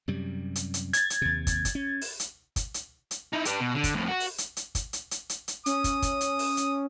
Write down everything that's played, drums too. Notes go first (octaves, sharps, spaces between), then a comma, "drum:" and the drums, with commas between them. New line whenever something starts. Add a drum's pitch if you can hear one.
F#2 C3 G3
drum: hi-hat
drum: hi-hat
G#6 A6, drum: hi-hat
drum: hi-hat
D#2 C3
drum: kick, hi-hat
drum: kick, hi-hat
C#4
drum: open hi-hat
drum: hi-hat
drum: kick, hi-hat
drum: hi-hat
drum: hi-hat
D#4 E4
G4 B4, drum: hi-hat
B2
D3
drum: kick, hi-hat
F2 A2
F#4
drum: open hi-hat
drum: hi-hat
drum: hi-hat
drum: kick, hi-hat
drum: hi-hat
drum: hi-hat
drum: hi-hat
drum: hi-hat
C#4 D#6, drum: hi-hat
drum: kick, hi-hat
drum: kick, hi-hat
drum: hi-hat
drum: open hi-hat
drum: hi-hat